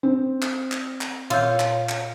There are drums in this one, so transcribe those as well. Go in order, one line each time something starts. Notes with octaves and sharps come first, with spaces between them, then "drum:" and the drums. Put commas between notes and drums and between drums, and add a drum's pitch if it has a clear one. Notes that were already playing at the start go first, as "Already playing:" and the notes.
C4
drum: clap
drum: clap
drum: clap
A#2 F4 C#5 E6 G6, drum: cymbal
drum: clap
drum: clap